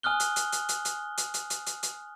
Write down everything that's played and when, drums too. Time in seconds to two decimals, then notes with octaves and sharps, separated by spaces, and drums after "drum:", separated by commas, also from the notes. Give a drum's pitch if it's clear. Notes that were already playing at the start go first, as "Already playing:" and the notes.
0.03 G#5 D#6 F6 F#6 G7
0.20 drum: hi-hat
0.36 drum: hi-hat
0.52 drum: hi-hat
0.69 drum: hi-hat
0.85 drum: hi-hat
1.17 drum: hi-hat
1.34 drum: hi-hat
1.50 drum: hi-hat
1.66 drum: hi-hat
1.83 drum: hi-hat